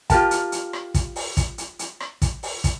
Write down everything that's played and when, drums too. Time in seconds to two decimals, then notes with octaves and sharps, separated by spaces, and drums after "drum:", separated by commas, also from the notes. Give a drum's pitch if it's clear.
0.10 F4 G4 A#4 A5, drum: kick, hi-hat
0.31 drum: hi-hat
0.52 drum: hi-hat
0.73 drum: rim click
0.94 drum: kick, hi-hat
1.16 drum: open hi-hat
1.37 drum: kick, hi-hat
1.58 drum: hi-hat
1.79 drum: hi-hat
2.00 drum: rim click
2.22 drum: kick, hi-hat
2.43 drum: open hi-hat
2.64 drum: kick, hi-hat